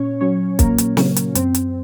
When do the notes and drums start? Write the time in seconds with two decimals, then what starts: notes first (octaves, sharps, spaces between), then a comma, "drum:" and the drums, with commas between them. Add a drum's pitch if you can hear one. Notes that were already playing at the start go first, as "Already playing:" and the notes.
Already playing: A#2 C#4 C#5
0.21 F#3 C#4 C#5
0.59 A#2 A#3 A#4, drum: kick, hi-hat
0.78 drum: hi-hat
0.97 C#3 F#3 C#4, drum: snare
1.16 drum: hi-hat
1.35 F#2 C4, drum: hi-hat
1.55 drum: hi-hat